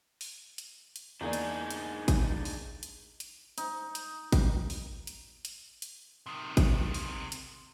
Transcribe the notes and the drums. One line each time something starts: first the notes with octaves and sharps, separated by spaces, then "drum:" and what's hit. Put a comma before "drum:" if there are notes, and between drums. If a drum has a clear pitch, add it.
drum: open hi-hat
drum: hi-hat
drum: hi-hat
E2 A#3 D4 D#4 G#4 D5
drum: hi-hat
drum: hi-hat
drum: kick, hi-hat
drum: open hi-hat
drum: hi-hat
drum: hi-hat
D#4, drum: hi-hat
drum: hi-hat
drum: kick, hi-hat
drum: open hi-hat
drum: hi-hat
drum: hi-hat
drum: hi-hat
C3 D#3
drum: kick, hi-hat
drum: open hi-hat
drum: hi-hat